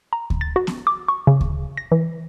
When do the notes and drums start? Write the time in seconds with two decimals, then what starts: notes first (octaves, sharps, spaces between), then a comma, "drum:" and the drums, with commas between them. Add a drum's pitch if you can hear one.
0.13 A#5
0.30 drum: kick D2
0.41 A6
0.56 F#4
0.67 drum: snare B3
0.87 D6
1.08 C#6
1.27 C#3
1.41 drum: kick D2
1.77 A#6
1.92 E3